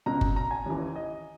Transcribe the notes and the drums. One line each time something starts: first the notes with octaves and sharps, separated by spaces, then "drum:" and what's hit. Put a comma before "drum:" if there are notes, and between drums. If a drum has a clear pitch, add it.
C#2 B2 A#5
drum: kick F#1
A#5
G#5
D#2 C#3 E3
D#5